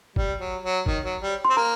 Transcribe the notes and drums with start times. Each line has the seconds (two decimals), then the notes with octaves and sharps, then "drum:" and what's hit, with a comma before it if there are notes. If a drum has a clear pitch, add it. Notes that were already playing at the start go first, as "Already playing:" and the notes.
0.16 G3, drum: kick
0.39 F#3
0.62 F#3
0.86 D#3, drum: kick
1.03 F#3
1.22 G3
1.45 C4 C6
1.57 A#3 A#5